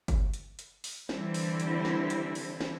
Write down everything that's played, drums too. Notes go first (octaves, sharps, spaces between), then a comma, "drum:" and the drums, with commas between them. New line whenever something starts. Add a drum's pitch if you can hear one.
drum: kick G1, hi-hat
drum: hi-hat
drum: hi-hat
drum: open hi-hat
D3 E3 G3 C4 E4, drum: snare
drum: open hi-hat
drum: hi-hat
drum: snare
drum: hi-hat
drum: open hi-hat
drum: snare